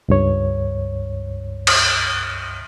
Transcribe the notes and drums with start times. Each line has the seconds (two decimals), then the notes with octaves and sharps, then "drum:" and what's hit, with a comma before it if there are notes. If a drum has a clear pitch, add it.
0.09 C#2 G2 C#5
1.67 drum: cymbal